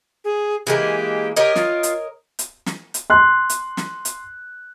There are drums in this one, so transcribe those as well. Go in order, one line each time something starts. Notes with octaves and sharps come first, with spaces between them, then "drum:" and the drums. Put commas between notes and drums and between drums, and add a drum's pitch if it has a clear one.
G#4
E3 G#3 A#3 G4
G4 A#4 C#5 D#5
F4, drum: snare
drum: hi-hat
drum: hi-hat
drum: snare
drum: hi-hat
C6 F#6
drum: hi-hat
drum: snare
drum: hi-hat